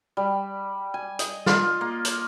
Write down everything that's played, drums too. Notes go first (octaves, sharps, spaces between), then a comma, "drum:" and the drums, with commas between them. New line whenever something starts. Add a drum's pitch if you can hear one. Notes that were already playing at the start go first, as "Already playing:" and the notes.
G3
G#5
D#5, drum: hi-hat
F4, drum: snare
A#3
drum: hi-hat